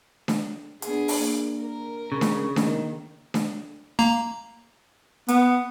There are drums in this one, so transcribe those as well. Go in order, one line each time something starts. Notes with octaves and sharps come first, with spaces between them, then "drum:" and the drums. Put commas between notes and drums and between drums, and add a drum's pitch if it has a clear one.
drum: snare D4
B3 D4 G#4, drum: hi-hat
drum: open hi-hat
A#3
A#4
C#3
drum: snare D4
D#3 A#3, drum: snare D4
drum: snare D4
A#3 A#5
B3, drum: hi-hat